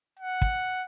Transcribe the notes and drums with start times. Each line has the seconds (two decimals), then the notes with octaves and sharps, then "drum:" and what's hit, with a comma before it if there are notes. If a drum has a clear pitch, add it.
0.20 F#5
0.42 drum: kick